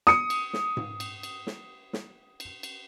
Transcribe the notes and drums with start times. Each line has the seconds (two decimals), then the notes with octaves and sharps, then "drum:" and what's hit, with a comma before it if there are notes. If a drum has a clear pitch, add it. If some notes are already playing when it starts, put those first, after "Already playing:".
0.07 D#6 C#7, drum: snare
0.30 drum: cymbal
0.53 drum: snare
0.77 drum: tom G#2
1.00 drum: cymbal
1.23 drum: cymbal
1.47 drum: snare
1.93 drum: snare
2.40 drum: cymbal
2.63 drum: cymbal